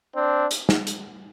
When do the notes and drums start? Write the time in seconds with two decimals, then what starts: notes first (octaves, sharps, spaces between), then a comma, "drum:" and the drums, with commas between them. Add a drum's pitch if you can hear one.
0.15 C4 D4
0.51 drum: hi-hat
0.69 drum: snare
0.87 drum: hi-hat